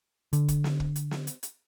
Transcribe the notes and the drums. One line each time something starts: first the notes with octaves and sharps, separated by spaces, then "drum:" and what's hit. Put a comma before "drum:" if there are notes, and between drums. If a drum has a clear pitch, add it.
D3, drum: hi-hat
drum: kick, hi-hat
drum: snare
drum: kick
drum: hi-hat
drum: snare
drum: hi-hat
drum: hi-hat